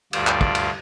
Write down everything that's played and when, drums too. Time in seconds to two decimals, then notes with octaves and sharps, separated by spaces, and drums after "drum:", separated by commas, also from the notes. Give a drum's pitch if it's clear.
0.13 D2 G2 F4 D5, drum: cymbal
0.27 drum: clap
0.41 drum: kick
0.55 drum: cymbal